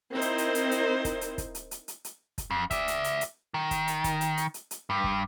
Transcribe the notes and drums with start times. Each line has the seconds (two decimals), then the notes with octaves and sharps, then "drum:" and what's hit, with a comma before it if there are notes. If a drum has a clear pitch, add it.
0.12 C4 D#4 E4 A#4 C5
0.21 drum: hi-hat
0.38 drum: hi-hat
0.55 drum: hi-hat
0.71 drum: hi-hat
1.05 drum: kick, hi-hat
1.21 drum: hi-hat
1.38 drum: kick, hi-hat
1.55 drum: hi-hat
1.71 drum: hi-hat
1.88 drum: hi-hat
2.05 drum: hi-hat
2.38 drum: kick, hi-hat
2.51 F2
2.71 D5 E5, drum: kick, hi-hat
2.88 drum: hi-hat
3.04 drum: hi-hat
3.21 drum: hi-hat
3.54 D#3
3.71 drum: kick, hi-hat
3.88 drum: hi-hat
4.04 drum: kick, hi-hat
4.21 drum: hi-hat
4.37 drum: hi-hat
4.54 drum: hi-hat
4.71 drum: hi-hat
4.90 G2
5.04 drum: kick